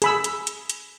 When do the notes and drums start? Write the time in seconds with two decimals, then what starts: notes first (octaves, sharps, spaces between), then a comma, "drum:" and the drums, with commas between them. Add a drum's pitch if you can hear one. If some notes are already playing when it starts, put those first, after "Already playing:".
0.02 G#4 B5 E6, drum: hi-hat
0.24 drum: hi-hat
0.47 drum: hi-hat
0.69 drum: hi-hat